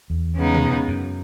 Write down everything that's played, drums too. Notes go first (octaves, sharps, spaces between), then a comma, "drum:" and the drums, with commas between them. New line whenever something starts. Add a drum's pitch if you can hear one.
E2
C#3 G#3 B3 D#4
drum: tom B2
F#2